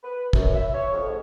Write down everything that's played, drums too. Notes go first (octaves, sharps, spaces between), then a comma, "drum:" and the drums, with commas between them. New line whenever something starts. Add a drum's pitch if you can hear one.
B4
F#2, drum: kick
E5
C#5
F2
G#2